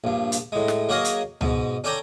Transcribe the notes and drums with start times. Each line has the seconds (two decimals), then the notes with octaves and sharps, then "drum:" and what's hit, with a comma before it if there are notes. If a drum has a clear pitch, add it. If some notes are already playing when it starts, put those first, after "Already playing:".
0.04 A#1 G2
0.32 drum: hi-hat
0.52 A2 G#3
0.68 drum: snare
0.89 F#3 A#3 F#4 G#4 A#4 D#5
1.05 drum: hi-hat
1.41 G#2 B2, drum: tom C#2
1.84 C#4 A4 D5 G5 G#5 A#5